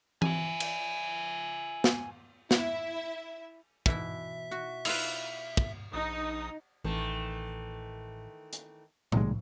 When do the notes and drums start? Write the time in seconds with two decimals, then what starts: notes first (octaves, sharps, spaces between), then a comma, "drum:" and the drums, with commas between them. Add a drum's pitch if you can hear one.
0.22 E5 G#5, drum: tom E3
0.60 drum: cymbal
1.84 drum: snare
2.51 E4 E5, drum: snare
3.86 B2 E3 E4 E5, drum: kick
4.51 F#4
4.85 E4 F4 B4, drum: cymbal
5.57 drum: kick
5.93 A#1 D#4 D#6
6.84 A1 D#3 E3 A3
8.53 drum: hi-hat
9.12 C2 A#2 D#3 G#3, drum: tom A2